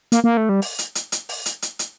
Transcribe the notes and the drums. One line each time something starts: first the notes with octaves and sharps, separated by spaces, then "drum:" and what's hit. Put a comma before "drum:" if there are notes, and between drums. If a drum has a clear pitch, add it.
A#3, drum: hi-hat
A#3
A3
G3
drum: open hi-hat
drum: hi-hat
drum: hi-hat
drum: hi-hat
drum: open hi-hat
drum: hi-hat
drum: hi-hat
drum: hi-hat